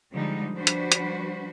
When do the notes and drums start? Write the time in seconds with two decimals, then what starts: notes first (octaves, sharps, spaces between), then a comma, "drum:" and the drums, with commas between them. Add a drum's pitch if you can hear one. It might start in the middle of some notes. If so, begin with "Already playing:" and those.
0.13 D3 F3 G3 G#3 D#4
0.56 F3 G3 D4 F#4 B4 C5
0.67 drum: hi-hat
0.92 drum: hi-hat